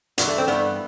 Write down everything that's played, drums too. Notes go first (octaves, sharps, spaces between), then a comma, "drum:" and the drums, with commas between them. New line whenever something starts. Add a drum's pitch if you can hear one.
G2 E3 B3, drum: hi-hat
A3
C4
G2 E3 B3